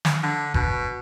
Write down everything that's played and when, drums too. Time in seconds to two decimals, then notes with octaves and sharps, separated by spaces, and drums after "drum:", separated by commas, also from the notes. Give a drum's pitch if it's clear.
0.05 drum: snare
0.23 D3
0.54 B2, drum: kick F#1